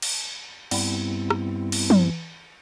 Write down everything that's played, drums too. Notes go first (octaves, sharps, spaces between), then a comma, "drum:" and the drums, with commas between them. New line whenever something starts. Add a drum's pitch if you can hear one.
drum: cymbal
G2 G3 B3 C4 E4, drum: cymbal
drum: rim click
drum: cymbal
drum: tom